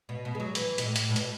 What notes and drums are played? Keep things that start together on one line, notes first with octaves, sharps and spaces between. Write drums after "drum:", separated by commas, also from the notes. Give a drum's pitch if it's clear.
B2
B2
G#3
F#3
E3, drum: hi-hat
B2, drum: hi-hat
A2
drum: hi-hat
A2
B2, drum: hi-hat